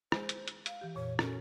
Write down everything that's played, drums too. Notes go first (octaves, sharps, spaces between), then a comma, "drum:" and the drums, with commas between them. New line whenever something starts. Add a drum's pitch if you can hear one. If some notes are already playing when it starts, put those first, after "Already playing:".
G#3 G#4 C5, drum: rim click
drum: hi-hat
drum: hi-hat
F5, drum: hi-hat
E3 G4
F2 A#2 C#5
C#4 F#4 A4 A#4, drum: rim click